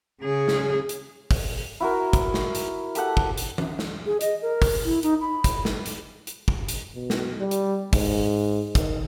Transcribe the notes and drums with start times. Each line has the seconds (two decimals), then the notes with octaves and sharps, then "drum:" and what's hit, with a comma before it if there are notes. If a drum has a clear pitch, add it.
0.23 C#3 G#4
0.48 drum: snare
0.89 drum: hi-hat
1.31 drum: kick, open hi-hat
1.80 E4 F#4 A#4
2.13 drum: kick, hi-hat
2.34 drum: snare
2.55 drum: hi-hat
2.95 G4 A4 F#5, drum: hi-hat
3.17 drum: kick
3.37 drum: hi-hat
3.58 drum: tom E3
3.79 drum: snare
4.06 G#4
4.21 D#5, drum: hi-hat
4.42 A#4
4.62 drum: kick, open hi-hat
4.85 E4
5.03 D#4, drum: hi-hat
5.21 B5
5.44 drum: kick, hi-hat
5.65 drum: snare
5.86 drum: hi-hat
6.27 drum: hi-hat
6.48 drum: kick
6.69 drum: hi-hat
6.95 B2
7.10 drum: snare
7.40 G3
7.51 drum: hi-hat
7.93 G#2, drum: kick, open hi-hat
8.75 D#3, drum: kick, hi-hat